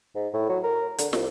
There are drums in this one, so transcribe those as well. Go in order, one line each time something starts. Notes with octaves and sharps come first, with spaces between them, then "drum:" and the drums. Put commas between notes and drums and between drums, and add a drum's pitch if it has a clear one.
G#2
A2
F#3
A#4
D3, drum: hi-hat
C2, drum: snare